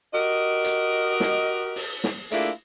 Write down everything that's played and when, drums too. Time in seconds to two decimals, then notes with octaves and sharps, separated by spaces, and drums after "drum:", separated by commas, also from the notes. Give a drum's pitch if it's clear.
0.14 F#4 G4 A#4 D#5
0.65 drum: hi-hat
1.20 drum: snare
1.76 drum: open hi-hat
2.04 drum: snare
2.32 A3 A#3 D4 E4 F4 G#4, drum: hi-hat